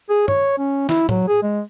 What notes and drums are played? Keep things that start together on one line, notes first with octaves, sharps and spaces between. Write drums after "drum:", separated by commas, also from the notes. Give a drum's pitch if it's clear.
G#4
C#5, drum: tom
C#4
E4, drum: snare
F#3, drum: tom
G#4
G#3